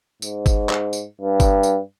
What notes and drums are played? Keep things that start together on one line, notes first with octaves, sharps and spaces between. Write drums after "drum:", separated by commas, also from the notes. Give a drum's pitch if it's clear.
G#2, drum: tambourine
drum: kick, tambourine
drum: clap
drum: tambourine
G2
drum: kick, tambourine
drum: tambourine